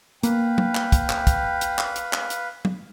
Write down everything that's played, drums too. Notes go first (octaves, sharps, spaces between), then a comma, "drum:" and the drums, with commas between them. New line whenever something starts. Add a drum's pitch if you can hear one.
A#3 B4 F5 G5, drum: hi-hat
drum: tom F#3
drum: clap
drum: kick, hi-hat
drum: clap
drum: kick, hi-hat
drum: hi-hat
drum: clap
drum: hi-hat
drum: clap
drum: hi-hat
drum: tom F#3